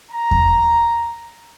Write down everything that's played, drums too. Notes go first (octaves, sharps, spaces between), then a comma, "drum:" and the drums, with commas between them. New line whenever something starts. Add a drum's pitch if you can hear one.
A#5
drum: kick E2